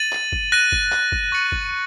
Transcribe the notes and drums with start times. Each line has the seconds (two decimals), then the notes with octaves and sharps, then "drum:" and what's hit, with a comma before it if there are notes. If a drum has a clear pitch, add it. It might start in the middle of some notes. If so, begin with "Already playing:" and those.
Already playing: A6 D#7 F#7
0.12 drum: clap
0.32 drum: kick
0.52 F#6 A#6 D#7
0.72 drum: kick
0.92 drum: clap
1.12 drum: kick
1.32 C#6 A6 C#7 F#7
1.52 drum: kick